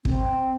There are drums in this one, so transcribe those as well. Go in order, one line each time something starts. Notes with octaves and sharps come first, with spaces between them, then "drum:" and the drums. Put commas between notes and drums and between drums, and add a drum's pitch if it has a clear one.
C4, drum: kick